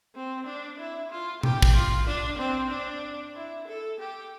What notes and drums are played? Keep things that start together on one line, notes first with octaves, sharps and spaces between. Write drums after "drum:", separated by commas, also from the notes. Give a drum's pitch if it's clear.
C4
D4
E4
F4
G4, drum: tom B2
drum: kick
F4
D4
C4
D4
E4
A4
G4